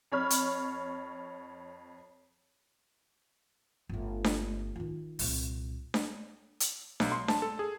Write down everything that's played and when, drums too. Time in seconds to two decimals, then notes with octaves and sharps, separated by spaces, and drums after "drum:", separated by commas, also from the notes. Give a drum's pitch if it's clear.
0.12 F2 C#5 B5 F6
0.30 drum: hi-hat
3.89 G1 A3
4.24 drum: snare D4
4.76 D#3 F4
5.19 C2 A#2, drum: open hi-hat
5.94 drum: snare D4
6.60 drum: hi-hat
7.00 B1, drum: snare D4
7.12 C6
7.28 A5, drum: snare D4
7.42 A4
7.59 G#4